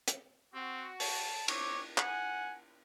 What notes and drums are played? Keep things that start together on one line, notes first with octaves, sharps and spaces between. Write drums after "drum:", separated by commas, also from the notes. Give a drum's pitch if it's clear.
drum: hi-hat
C4 F#4
A5, drum: open hi-hat
C4 C#5 D6, drum: cymbal
F#5 G#5, drum: clap